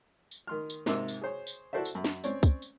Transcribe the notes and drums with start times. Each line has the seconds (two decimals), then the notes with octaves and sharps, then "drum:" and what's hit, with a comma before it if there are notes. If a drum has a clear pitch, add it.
0.31 drum: tambourine
0.47 D#3 C6 F6
0.70 drum: tambourine
0.86 G#2 C3 A#3 D6 E6, drum: snare
1.08 drum: tambourine
1.21 G#4 C5 C#5
1.47 drum: tambourine
1.73 E4 F#4 A4 C5 D5 E5
1.85 drum: tambourine
1.95 F#2
2.04 drum: snare
2.24 C4 C#4 C#5 D5, drum: tambourine
2.43 drum: kick, tambourine
2.62 drum: tambourine